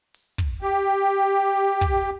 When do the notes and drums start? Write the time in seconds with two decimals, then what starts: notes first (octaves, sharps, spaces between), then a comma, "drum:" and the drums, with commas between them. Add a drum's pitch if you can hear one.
0.14 drum: open hi-hat
0.38 drum: kick, hi-hat
0.62 G4, drum: hi-hat
1.10 drum: hi-hat
1.57 drum: open hi-hat
1.81 drum: kick, hi-hat